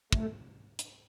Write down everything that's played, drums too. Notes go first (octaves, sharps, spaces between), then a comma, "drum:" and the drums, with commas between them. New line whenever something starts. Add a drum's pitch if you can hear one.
A3, drum: kick
drum: hi-hat